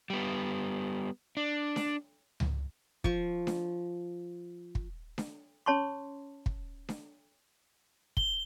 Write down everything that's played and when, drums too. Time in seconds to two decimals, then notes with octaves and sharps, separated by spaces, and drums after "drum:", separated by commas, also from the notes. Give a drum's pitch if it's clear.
0.10 G3 B3
1.37 D4
1.76 drum: snare D4
2.40 drum: tom C#2
3.04 F3 C#6, drum: kick
3.47 drum: snare D4
4.75 drum: kick
5.18 drum: snare D4
5.66 C#4 C#5 A5 C6 C#6
6.46 drum: kick
6.89 drum: snare D4
8.17 G7, drum: kick